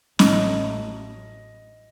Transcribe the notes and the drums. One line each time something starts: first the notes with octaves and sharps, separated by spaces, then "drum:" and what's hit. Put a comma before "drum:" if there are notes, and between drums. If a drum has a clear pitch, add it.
A1 A2 F#3 A3 D#5, drum: snare C#4